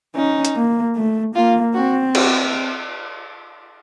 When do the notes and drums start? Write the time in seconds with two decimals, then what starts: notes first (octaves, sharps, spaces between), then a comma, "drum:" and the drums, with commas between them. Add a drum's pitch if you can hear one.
0.15 C#4 D#4
0.45 drum: hi-hat
0.56 A#3
0.96 A3
1.35 A#3 F4
1.74 C4 F#4
2.15 F#4, drum: cymbal